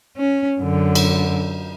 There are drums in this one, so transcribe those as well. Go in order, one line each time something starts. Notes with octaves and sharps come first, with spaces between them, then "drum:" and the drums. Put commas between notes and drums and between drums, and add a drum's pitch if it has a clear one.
C#4
F#2 D3
drum: cymbal